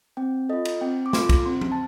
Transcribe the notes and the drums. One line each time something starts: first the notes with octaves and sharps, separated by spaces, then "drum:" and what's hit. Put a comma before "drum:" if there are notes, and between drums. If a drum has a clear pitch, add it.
C4 G5
F4 A4 D#5
drum: cymbal
C4 G5
D6
F4 A4 C6, drum: snare
drum: kick, cymbal
C4 C6
drum: tom F3
A5